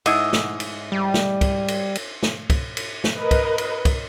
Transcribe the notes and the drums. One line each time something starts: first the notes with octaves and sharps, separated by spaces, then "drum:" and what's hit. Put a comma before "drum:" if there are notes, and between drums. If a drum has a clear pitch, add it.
G#2 E4 D#5, drum: cymbal
drum: snare
drum: cymbal
G3
drum: snare
drum: kick, cymbal
drum: cymbal
drum: cymbal
drum: snare
drum: kick, cymbal
drum: cymbal
drum: snare
A#4 B4 D#5
drum: kick, cymbal
drum: cymbal
drum: kick, cymbal